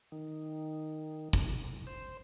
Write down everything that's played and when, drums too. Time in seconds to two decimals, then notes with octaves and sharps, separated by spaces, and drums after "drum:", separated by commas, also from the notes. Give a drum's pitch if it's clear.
0.12 D#3
1.33 drum: kick
1.87 C5